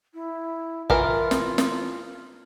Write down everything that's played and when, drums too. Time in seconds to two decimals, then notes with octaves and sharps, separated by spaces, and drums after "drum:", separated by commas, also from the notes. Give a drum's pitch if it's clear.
0.14 E4
0.90 E3 F4 A#4, drum: kick
1.31 drum: snare
1.58 drum: snare